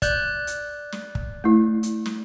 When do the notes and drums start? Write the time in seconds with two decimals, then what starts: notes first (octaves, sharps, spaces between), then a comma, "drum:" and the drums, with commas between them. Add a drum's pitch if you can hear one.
0.02 D5 F#6 G6, drum: kick, hi-hat
0.47 drum: hi-hat
0.92 drum: snare
1.15 drum: kick
1.44 A3 E4
1.83 drum: hi-hat
2.06 drum: snare